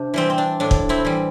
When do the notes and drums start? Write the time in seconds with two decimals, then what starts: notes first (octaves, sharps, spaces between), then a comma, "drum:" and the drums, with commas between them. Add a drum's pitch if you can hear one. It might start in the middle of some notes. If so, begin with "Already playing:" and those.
Already playing: C3 D4
0.14 E3 G3 C4
0.30 C4
0.38 D4
0.60 A2 D4
0.71 drum: kick
0.89 C4 E4
1.05 E3 G3